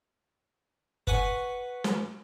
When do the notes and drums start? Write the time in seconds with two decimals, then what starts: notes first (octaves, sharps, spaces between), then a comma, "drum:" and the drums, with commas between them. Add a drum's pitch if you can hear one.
1.07 B4 F#5 G#5 C#6, drum: kick F#1
1.84 drum: snare